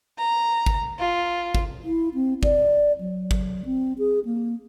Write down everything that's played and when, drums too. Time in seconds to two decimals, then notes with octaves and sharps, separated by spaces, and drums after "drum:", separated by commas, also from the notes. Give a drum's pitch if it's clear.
0.18 A#5
0.66 drum: kick
0.98 F4
1.55 drum: kick
1.84 E4
2.14 C4
2.43 D5, drum: kick
3.00 F#3
3.31 drum: kick
3.65 C4
3.98 G#4
4.25 A#3